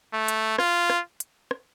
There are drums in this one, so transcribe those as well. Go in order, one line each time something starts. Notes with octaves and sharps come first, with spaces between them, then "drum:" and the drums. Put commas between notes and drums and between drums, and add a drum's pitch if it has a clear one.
A3
drum: hi-hat
F4, drum: rim click
drum: rim click
drum: hi-hat
drum: rim click